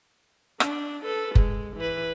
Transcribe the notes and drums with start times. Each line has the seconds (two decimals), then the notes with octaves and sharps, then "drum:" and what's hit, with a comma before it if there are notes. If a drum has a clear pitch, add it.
0.60 D4, drum: rim click
1.03 A4 B4
1.35 G#3, drum: kick F#1
1.76 E3 B4